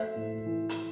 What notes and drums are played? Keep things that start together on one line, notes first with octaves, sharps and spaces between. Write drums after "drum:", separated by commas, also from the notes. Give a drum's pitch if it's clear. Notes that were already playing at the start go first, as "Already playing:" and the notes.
Already playing: A3 C5 E5
A2
E3
drum: hi-hat